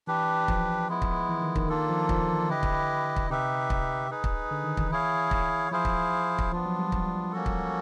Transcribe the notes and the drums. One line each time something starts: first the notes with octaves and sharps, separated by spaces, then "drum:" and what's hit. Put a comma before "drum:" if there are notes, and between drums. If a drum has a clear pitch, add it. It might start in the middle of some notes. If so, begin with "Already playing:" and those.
E3 D4 G4 B4
F3, drum: kick
G#3 B3 E4
drum: kick
E3
D#3
D#3, drum: kick
D#3 A#3 D4 F4 A4
F3
F3, drum: kick
E3
D3 E4 G4 B4 D#5
drum: kick
drum: kick
C3 D#4 G4 B4 E5
drum: kick
D#4 G#4 B4
drum: kick
D3
D#3
E3, drum: kick
E4 G#4 C#5 F5
drum: kick
F3 E4 G#4 C5 F5
drum: kick
drum: kick
F3 B3 D4 F4
F#3
G3
drum: kick
A#3 C#4 F#4 A4
drum: kick